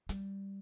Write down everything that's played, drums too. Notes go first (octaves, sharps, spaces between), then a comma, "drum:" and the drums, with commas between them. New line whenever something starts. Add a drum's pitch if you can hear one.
G3, drum: hi-hat